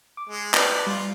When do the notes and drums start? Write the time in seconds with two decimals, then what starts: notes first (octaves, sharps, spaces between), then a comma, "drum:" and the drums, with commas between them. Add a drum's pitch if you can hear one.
0.17 D6
0.29 G#3
0.54 B4 D5, drum: clap
0.86 G3 F4